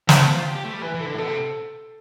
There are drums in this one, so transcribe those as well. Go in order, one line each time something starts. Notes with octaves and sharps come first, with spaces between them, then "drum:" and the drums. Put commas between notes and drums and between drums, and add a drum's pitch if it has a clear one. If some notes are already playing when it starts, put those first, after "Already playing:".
A3 C5, drum: snare
B3
F4
G4
G4
A3
G3
E3 B4
E3
A4
D3
A2
B2 A4
C3